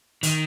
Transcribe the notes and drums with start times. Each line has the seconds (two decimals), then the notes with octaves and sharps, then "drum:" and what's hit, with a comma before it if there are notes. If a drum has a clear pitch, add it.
0.23 D#3, drum: hi-hat